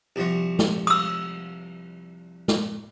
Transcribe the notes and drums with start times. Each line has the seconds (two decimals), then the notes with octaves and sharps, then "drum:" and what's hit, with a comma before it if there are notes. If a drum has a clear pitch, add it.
0.16 C2 F3 F#4
0.59 drum: snare
0.87 D#6 E6, drum: cymbal
2.48 drum: snare